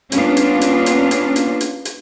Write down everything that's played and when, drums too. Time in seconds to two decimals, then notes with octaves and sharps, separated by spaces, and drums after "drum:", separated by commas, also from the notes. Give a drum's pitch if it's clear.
0.12 G3 A#3 B3 C#4 D4 F4, drum: hi-hat
0.37 drum: hi-hat
0.61 drum: hi-hat
0.86 drum: hi-hat
1.11 drum: hi-hat
1.36 drum: hi-hat
1.61 drum: hi-hat
1.85 drum: hi-hat